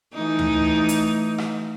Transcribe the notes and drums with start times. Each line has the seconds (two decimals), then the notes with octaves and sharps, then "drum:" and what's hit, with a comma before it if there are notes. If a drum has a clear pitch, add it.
0.14 E3 A3 D#4
0.39 drum: tom D2
0.89 drum: hi-hat
1.38 drum: rim click